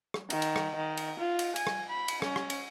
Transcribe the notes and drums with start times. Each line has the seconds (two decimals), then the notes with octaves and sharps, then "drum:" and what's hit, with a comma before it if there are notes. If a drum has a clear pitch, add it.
0.14 drum: rim click
0.30 D#3, drum: cymbal
0.42 drum: cymbal
0.56 drum: rim click
0.75 D#3
0.97 drum: cymbal
1.19 F4
1.39 drum: cymbal
1.56 G#5, drum: cymbal
1.67 drum: rim click
1.89 B5
2.08 drum: cymbal
2.22 C#4, drum: rim click
2.36 drum: rim click
2.50 drum: cymbal